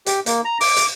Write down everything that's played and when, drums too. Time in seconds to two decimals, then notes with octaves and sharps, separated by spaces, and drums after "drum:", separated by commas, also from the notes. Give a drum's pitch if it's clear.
0.06 G4, drum: hi-hat
0.26 A#3, drum: hi-hat
0.45 A#5
0.61 D6, drum: open hi-hat
0.76 drum: hi-hat